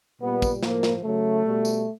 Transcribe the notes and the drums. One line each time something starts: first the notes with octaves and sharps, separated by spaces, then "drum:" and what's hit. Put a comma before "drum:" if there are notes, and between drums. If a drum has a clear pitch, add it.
A#2 G3 B3
drum: kick, tambourine
A2 F3 A#3, drum: snare
drum: snare
C#3 F#3 A3
B2 G3
drum: tambourine